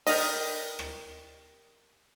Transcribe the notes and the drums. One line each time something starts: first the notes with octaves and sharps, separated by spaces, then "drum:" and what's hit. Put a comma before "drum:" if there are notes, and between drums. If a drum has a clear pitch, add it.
G4 A#4 D5 D#5, drum: open hi-hat
drum: rim click